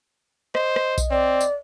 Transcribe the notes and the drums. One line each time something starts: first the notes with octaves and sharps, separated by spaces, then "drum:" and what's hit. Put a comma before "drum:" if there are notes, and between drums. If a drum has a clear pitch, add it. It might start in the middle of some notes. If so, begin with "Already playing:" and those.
C5 D#5, drum: rim click
drum: rim click
drum: kick B1, tambourine
C4 D5
drum: tambourine